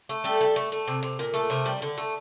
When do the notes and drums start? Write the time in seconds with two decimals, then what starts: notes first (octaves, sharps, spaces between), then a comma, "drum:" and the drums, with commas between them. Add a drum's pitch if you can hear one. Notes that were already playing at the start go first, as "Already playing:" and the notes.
0.09 A3
0.24 G3 A4, drum: hi-hat
0.41 G3, drum: hi-hat
0.56 A3, drum: hi-hat
0.72 A3, drum: hi-hat
0.88 C3, drum: hi-hat
1.03 C3, drum: hi-hat
1.19 A#2 A#4, drum: hi-hat
1.34 A3 A4, drum: hi-hat
1.50 C3 A#4, drum: hi-hat
1.66 G3, drum: hi-hat
1.82 D3, drum: hi-hat
1.98 A3, drum: hi-hat